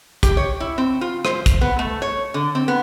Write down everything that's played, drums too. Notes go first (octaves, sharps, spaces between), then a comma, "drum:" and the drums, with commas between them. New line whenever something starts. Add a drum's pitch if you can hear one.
G4, drum: kick, hi-hat
C#5
E4
C4
F4
C5, drum: rim click
drum: kick, hi-hat
B3
A3
C#5
D3
C4
B3